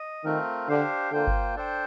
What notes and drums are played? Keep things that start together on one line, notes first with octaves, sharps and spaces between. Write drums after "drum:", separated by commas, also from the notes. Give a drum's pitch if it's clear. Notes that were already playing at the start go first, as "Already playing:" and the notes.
Already playing: D#5
D#3 A3 C4 F4 A#4
D3 D4 G4 C5 F5
D3 A#3 F4 C5 G5
drum: kick G1
D4 A4 C5 G5